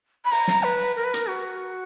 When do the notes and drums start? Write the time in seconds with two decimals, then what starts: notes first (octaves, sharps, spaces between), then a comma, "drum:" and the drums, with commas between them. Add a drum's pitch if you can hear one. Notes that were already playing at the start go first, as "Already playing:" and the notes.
0.25 B5
0.32 A#5, drum: open hi-hat
0.48 drum: snare
0.63 B4
0.96 A#4
1.04 B4
1.14 A#4, drum: hi-hat
1.27 F#4